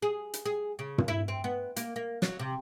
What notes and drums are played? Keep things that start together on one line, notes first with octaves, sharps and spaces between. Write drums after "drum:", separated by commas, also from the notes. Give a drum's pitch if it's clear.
G#4
drum: hi-hat
G#4
C#3
drum: tom
E4
C4
B3
A#3, drum: hi-hat
A#3
F#3, drum: snare
C3